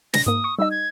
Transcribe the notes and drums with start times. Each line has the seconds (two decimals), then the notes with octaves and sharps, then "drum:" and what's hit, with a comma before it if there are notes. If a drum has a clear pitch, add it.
0.14 A#6, drum: snare
0.26 G#2 A#3 D#6
0.44 C#6
0.59 G3 D#4 D#5 E6
0.71 G#6